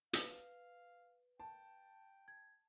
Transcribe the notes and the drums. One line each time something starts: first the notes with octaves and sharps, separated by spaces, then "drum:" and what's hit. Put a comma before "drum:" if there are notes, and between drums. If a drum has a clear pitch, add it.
B4 F5, drum: hi-hat
G5 A5
G#6